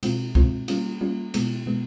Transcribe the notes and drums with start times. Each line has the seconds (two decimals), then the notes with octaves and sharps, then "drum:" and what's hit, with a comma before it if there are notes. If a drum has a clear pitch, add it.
0.03 B2 G#3 C4 F4, drum: cymbal
0.35 B2 G#3 C4 F4, drum: kick
0.68 G3 A#3 C#4 F4, drum: cymbal
1.01 G3 A#3 C#4 F4
1.34 B2 G#3 B3, drum: cymbal
1.66 B2 G#3 B3